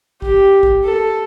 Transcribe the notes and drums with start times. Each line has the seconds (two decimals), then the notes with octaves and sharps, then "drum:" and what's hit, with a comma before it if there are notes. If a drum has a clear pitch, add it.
0.22 G4, drum: kick
0.63 drum: kick
0.84 A4